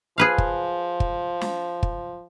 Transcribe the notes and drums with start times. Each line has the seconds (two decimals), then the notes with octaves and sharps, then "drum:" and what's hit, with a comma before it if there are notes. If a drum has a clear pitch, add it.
0.18 F3 G#4 B4 F5
0.38 drum: kick
1.00 drum: kick
1.41 drum: snare
1.83 drum: kick